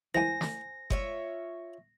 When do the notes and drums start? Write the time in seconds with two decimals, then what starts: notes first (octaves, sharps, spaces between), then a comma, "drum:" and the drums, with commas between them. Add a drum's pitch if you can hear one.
0.15 E3 G#3 A#3 C5 G#5 A#6
0.41 drum: snare
0.90 G#3 F4 C#5 E5, drum: kick F#1